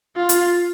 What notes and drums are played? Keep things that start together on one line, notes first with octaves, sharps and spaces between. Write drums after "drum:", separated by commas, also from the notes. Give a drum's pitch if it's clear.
F4
drum: hi-hat